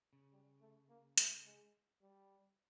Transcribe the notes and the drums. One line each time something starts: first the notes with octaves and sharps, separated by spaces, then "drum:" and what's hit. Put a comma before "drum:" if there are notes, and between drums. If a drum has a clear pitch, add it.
C#3
G3
A3
A#3
A3, drum: hi-hat
G#3
G3